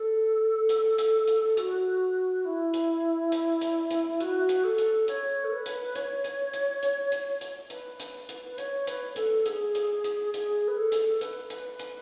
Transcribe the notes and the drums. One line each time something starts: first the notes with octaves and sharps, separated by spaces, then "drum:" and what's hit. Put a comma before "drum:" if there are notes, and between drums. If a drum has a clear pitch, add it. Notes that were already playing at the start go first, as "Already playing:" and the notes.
Already playing: A4
drum: hi-hat
drum: hi-hat
drum: hi-hat
F#4, drum: hi-hat
E4
drum: hi-hat
drum: hi-hat
drum: hi-hat
drum: hi-hat
F#4, drum: hi-hat
drum: hi-hat
A4
drum: hi-hat
C#5, drum: hi-hat
A4
B4
drum: hi-hat
C#5, drum: hi-hat
drum: hi-hat
drum: hi-hat
drum: hi-hat
drum: hi-hat
drum: hi-hat
B4, drum: hi-hat
drum: hi-hat
drum: hi-hat
B4
C#5, drum: hi-hat
B4, drum: hi-hat
A4, drum: hi-hat
G#4, drum: hi-hat
drum: hi-hat
drum: hi-hat
G#4, drum: hi-hat
B4
A4
drum: hi-hat
B4, drum: hi-hat
drum: hi-hat
drum: hi-hat